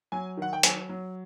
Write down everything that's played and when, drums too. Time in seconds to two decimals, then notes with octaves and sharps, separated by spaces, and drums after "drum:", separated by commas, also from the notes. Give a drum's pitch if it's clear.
0.12 F#3 G#5
0.37 D#3 F#5
0.53 G5
0.63 F#3 G#5, drum: hi-hat
0.89 F#3